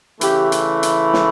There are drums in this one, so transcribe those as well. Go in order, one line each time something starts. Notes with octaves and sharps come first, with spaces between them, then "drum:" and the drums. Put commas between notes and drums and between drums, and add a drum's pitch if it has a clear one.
C#3 E3 A3 G4, drum: hi-hat
drum: hi-hat
drum: hi-hat
drum: snare